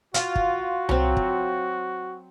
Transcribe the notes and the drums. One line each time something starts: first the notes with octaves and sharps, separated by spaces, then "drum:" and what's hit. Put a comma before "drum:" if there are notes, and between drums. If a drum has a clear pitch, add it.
F4 F#4, drum: hi-hat
drum: kick
F#3 C4, drum: tom C2
drum: kick